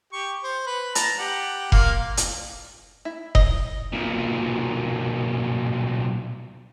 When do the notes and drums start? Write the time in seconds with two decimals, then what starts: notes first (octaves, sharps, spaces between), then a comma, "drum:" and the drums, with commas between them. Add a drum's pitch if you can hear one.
0.13 G4 C#6
0.44 C5
0.67 B4
0.95 A5 A#5, drum: hi-hat
1.19 G4 F#5
1.72 A#3 F4 F5, drum: kick F1
2.17 drum: hi-hat
3.05 E4
3.35 D#5, drum: kick F1
3.93 B1 A#2